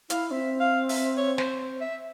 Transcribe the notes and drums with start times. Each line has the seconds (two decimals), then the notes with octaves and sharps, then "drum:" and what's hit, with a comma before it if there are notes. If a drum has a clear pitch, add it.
0.10 E4 F5, drum: hi-hat
0.31 C4 E5
0.60 F5
0.89 E5, drum: open hi-hat
1.17 C#5
1.38 C5, drum: snare
1.81 E5